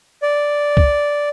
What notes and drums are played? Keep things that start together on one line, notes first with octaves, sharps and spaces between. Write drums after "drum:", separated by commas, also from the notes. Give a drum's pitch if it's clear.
D5
drum: kick